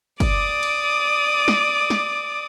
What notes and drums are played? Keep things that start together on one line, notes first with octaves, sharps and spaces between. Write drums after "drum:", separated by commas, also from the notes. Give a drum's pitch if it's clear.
D5 D6 D#6, drum: kick, cymbal
drum: cymbal
drum: snare
drum: snare